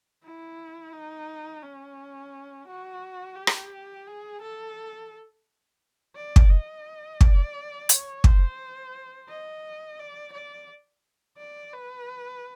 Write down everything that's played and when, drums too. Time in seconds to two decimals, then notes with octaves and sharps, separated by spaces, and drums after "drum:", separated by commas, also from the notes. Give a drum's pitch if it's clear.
0.24 E4
0.93 D#4
1.63 C#4
2.68 F#4
3.37 G4
3.47 drum: rim click
4.07 G#4
4.41 A4
6.16 D5
6.36 drum: kick
6.50 D#5
7.21 D5, drum: kick
7.89 C#5, drum: hi-hat
8.24 C5, drum: kick
9.28 D#5
9.99 D5
10.33 D5
11.38 D5
11.73 B4